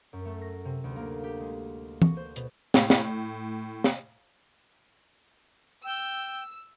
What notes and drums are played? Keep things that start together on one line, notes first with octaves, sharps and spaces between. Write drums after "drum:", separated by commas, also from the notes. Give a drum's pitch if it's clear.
F#2
A3
A#6
C3
D2
A#3
G4
G#3
F#4, drum: tom
C5
B2, drum: hi-hat
A2, drum: snare
drum: snare
drum: snare
G5 E6